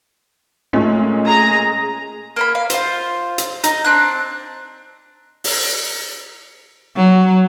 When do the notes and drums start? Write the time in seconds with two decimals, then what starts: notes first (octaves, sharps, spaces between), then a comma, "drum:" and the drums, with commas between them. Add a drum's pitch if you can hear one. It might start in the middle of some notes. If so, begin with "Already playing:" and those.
0.73 A#2 G#3 A3 C#4
1.25 G#4 A#5
2.36 A#3 C#5 B5
2.55 F5
2.70 F4 C5, drum: hi-hat
3.38 drum: hi-hat
3.64 D#4, drum: hi-hat
3.84 C4 D4 F#6
5.44 drum: open hi-hat
6.96 F#3